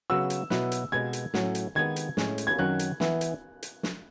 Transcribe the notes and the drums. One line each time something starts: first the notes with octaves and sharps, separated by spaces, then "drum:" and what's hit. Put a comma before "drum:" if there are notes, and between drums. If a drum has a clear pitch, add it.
C#3 F#3 B3 F#4 E6
drum: hi-hat
B2 F#3 B3 E4 B4, drum: snare
drum: hi-hat
B2 G#3 B3 G#6
drum: hi-hat
A2 F#3 C#4, drum: snare
drum: hi-hat
D#3 G#3 B3 G#6
drum: hi-hat
A2 G#3 C#4, drum: snare
drum: hi-hat
G#6
F#2 D#3 F#3 C#4 F#6
drum: hi-hat
E3 B3 E4, drum: snare
drum: hi-hat
drum: hi-hat
drum: snare